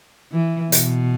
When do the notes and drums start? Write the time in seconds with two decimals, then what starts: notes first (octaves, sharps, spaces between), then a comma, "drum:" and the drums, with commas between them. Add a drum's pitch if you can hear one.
0.32 E3
0.72 B2, drum: hi-hat